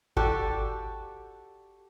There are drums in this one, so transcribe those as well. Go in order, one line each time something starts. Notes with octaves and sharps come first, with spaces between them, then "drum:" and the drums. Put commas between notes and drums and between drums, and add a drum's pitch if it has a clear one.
F#4 G4 A4 D5, drum: kick G1